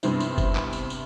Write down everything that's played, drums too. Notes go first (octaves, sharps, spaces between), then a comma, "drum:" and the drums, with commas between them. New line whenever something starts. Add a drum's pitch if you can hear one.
G2 C3 B3 C4 E4, drum: tambourine
drum: tambourine
drum: kick, tambourine
drum: clap
drum: tambourine
drum: tambourine